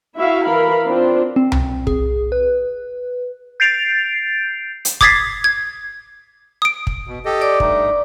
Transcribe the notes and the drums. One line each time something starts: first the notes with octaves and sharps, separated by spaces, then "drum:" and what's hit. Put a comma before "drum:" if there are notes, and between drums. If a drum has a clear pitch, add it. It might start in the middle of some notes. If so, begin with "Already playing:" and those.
E4 F#4 E5 F5
E3 A#4 F5 B5
C4 D4 F4
C4
drum: tom C2
G#4, drum: kick
B4
G6 A6 C7 D7 F7
drum: hi-hat
D6 D#6 G#6 A6 B6 C7, drum: kick
G#6
D#6 D7
drum: kick
B2
G4 A4 D#5
D5 D6
G2 A3 D#4, drum: kick